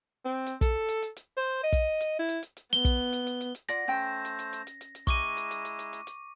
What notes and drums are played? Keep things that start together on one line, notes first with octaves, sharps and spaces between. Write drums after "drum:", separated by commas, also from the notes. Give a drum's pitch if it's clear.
C4
drum: hi-hat
A4, drum: kick, hi-hat
drum: hi-hat
drum: hi-hat
drum: hi-hat
C5
D#5
drum: kick, hi-hat
drum: hi-hat
E4
drum: hi-hat
drum: hi-hat
drum: hi-hat
B3 G7, drum: hi-hat
drum: kick, hi-hat
drum: hi-hat
drum: hi-hat
drum: hi-hat
drum: hi-hat
F4 D5 F#5 A#6, drum: hi-hat
A3 C#4 C5 G5
drum: hi-hat
drum: hi-hat
drum: hi-hat
drum: hi-hat
drum: hi-hat
drum: hi-hat
G#3 E4 A#5 C#6 D6 D#7, drum: kick, hi-hat
drum: hi-hat
drum: hi-hat
drum: hi-hat
drum: hi-hat
drum: hi-hat
drum: hi-hat